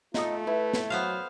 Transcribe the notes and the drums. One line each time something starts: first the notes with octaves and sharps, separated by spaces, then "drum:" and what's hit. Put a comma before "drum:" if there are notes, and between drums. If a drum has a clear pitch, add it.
A3 D#4 F4 A4 D#6, drum: snare
E4 B4
drum: snare
F#3 B3 C5 F5